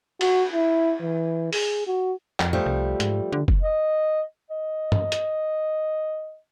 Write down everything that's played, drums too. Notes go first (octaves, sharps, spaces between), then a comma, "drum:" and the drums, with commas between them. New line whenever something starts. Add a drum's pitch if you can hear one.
F#4, drum: cymbal
E4
E3
G#4, drum: open hi-hat
F#4
F2, drum: clap
F3 G3 A3
C2
G#2, drum: hi-hat
D3
drum: kick
D#5
D#5
drum: tom G2
drum: hi-hat